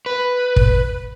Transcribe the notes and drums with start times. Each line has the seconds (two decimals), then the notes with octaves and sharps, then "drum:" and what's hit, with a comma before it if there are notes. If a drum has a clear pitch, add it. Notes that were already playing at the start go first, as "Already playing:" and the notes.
0.06 B4
0.56 drum: kick